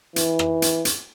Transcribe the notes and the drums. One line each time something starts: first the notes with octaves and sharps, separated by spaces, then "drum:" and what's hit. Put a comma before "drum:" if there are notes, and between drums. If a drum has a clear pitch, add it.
E3, drum: hi-hat
drum: rim click
drum: hi-hat
drum: hi-hat